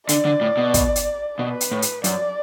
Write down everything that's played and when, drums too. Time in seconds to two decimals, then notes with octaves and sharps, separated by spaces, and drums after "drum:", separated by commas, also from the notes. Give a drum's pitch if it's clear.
0.09 D3 D5, drum: hi-hat
0.25 D3
0.41 A2
0.57 B2
0.74 drum: kick, hi-hat
0.96 drum: hi-hat
1.39 B2 B4
1.61 drum: hi-hat
1.71 A2
1.82 drum: hi-hat
2.04 F#2 D5, drum: hi-hat